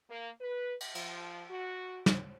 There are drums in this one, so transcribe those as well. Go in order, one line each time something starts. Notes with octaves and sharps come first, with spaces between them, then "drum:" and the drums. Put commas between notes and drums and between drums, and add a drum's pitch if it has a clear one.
A#3
B4
drum: cymbal
F3, drum: cymbal
F#4
drum: snare